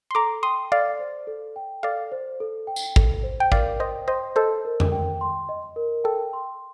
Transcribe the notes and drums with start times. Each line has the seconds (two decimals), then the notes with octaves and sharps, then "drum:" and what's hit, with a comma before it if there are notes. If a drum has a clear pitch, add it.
0.11 C6
0.15 A4 A#5 D6
0.43 G5 C6 D#6
0.72 A4 D5 F5
0.99 C5
1.27 A4
1.56 G5
1.83 A4 D5 F5
2.12 C5
2.40 A4
2.67 G5
2.76 drum: tambourine
2.96 A4, drum: kick A1
3.23 C5
3.40 G5
3.52 A#4 D5 F5, drum: kick A1
3.80 C5 D#5 G5
4.08 C5 D#5 C6
4.36 A4 C5 D#5
4.65 A#4
4.80 drum: tom F2
4.92 G5
5.21 C6
5.49 D#5
5.76 A#4
6.04 A4 G5
6.33 C6